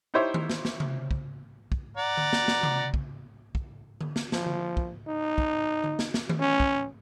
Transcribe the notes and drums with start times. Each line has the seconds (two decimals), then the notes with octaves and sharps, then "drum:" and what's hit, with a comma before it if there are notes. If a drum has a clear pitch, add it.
0.14 D#4 E4 G4 C5 C#5 E5
0.34 drum: tom D#3
0.50 drum: snare
0.65 drum: snare
0.80 drum: tom C3
1.11 drum: kick
1.72 drum: kick
1.97 D5 F#5 A#5
2.17 drum: tom D3
2.33 drum: snare
2.48 drum: snare
2.63 drum: tom C3
2.94 drum: kick
3.55 drum: kick
4.01 drum: tom D3
4.16 drum: snare
4.32 F3, drum: snare
4.46 drum: tom D3
4.77 drum: kick
5.07 D#4
5.38 drum: kick
5.84 drum: tom D3
5.99 drum: snare
6.14 drum: snare
6.29 drum: tom D#3
6.40 C#4
6.60 drum: kick